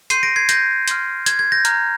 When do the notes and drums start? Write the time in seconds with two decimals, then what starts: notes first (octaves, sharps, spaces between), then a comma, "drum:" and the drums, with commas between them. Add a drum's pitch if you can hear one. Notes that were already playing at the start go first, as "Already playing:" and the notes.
0.10 C6 G6 C7 D#7, drum: hi-hat
0.23 A#6 D7
0.36 G#6 C7
0.49 G6 A#6, drum: hi-hat
0.88 C6 F6, drum: hi-hat
1.26 G#6, drum: hi-hat
1.39 G#6
1.52 G6 A#6
1.65 A#5 F6, drum: hi-hat